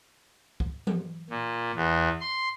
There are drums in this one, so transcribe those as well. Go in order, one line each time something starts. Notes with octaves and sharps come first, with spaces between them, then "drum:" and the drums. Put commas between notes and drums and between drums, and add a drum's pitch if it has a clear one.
drum: kick
drum: tom E3
A#2
E2
C6